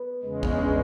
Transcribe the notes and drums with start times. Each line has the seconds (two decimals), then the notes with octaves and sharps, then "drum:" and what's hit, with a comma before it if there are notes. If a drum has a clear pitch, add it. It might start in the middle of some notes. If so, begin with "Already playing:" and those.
Already playing: B3
0.23 E2 C#3 G#3
0.43 B3, drum: kick
0.50 C#4
0.57 D4